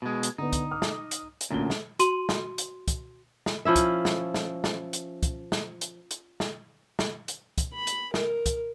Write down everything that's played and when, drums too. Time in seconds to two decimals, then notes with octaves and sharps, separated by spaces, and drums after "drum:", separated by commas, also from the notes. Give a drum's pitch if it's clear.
0.02 B2 G#3
0.23 drum: hi-hat
0.38 D3 B3 D#4
0.53 drum: kick, hi-hat
0.71 D6 D#6 F6
0.82 drum: snare
1.11 drum: hi-hat
1.41 drum: hi-hat
1.51 D2 A#2 C#4 G7
1.70 drum: snare
1.99 F#4 C6 D#7 F#7, drum: hi-hat
2.29 drum: snare
2.58 drum: hi-hat
2.88 drum: kick, hi-hat
3.46 drum: snare
3.65 F3 C#4 E4 E5
3.76 drum: kick, hi-hat
4.05 drum: snare
4.34 drum: snare
4.64 drum: snare
4.93 drum: hi-hat
5.23 drum: kick, hi-hat
5.52 drum: snare
5.81 drum: hi-hat
6.11 drum: hi-hat
6.40 drum: snare
6.99 drum: snare
7.28 drum: hi-hat
7.58 drum: kick, hi-hat
7.73 B5
7.87 drum: hi-hat
8.14 A#4, drum: snare
8.46 drum: kick, hi-hat